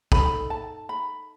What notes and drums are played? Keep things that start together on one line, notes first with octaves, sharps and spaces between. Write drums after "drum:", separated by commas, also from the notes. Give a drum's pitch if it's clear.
D#4 A4 B5, drum: kick
A5
B5